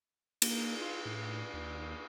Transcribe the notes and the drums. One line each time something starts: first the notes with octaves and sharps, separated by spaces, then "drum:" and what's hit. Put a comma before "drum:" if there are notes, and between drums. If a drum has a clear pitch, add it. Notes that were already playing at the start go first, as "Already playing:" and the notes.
A#3, drum: cymbal
F4
A2
D#2